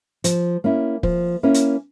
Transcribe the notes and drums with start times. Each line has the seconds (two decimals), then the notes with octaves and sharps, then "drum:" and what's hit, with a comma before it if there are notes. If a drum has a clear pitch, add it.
0.24 F3, drum: hi-hat
0.64 A#3 C#4 E4
1.03 F3, drum: kick
1.43 A#3 C#4 E4
1.54 drum: hi-hat